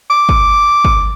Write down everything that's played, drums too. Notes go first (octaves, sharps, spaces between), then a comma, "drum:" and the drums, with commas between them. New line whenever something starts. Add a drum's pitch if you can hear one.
D6
drum: kick G1
drum: kick G1